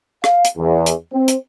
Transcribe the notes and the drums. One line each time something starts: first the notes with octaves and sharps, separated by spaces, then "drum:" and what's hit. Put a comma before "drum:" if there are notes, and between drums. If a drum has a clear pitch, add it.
F5, drum: rim click
drum: hi-hat
E2
drum: hi-hat
C4
drum: hi-hat